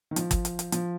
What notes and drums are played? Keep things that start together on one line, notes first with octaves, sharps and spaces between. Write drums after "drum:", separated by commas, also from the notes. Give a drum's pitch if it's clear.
D#3
F3, drum: hi-hat
drum: kick G1, hi-hat
drum: hi-hat
drum: hi-hat
F3, drum: hi-hat